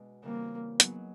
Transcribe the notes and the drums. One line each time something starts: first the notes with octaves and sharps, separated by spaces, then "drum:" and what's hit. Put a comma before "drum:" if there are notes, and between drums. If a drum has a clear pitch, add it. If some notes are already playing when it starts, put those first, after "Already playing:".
Already playing: B2 G#3 D4
C#3 E3 G3 A#3 C4
F#3 B3 D#4 G#4, drum: hi-hat